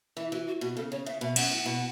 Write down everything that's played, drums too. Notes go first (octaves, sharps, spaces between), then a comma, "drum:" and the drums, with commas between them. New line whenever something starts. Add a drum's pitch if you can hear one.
E3 E5
E3 F#4
F#4
B2 F#4
C#3 A4
C#3 C#5
C#3 E5
B2 E5
F#2 F#5, drum: cymbal
A2
B2